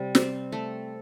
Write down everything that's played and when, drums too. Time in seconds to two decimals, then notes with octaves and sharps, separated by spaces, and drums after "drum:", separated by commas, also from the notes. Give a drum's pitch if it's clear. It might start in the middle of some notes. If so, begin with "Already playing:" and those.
Already playing: C3 G3
0.15 C4, drum: snare
0.52 A3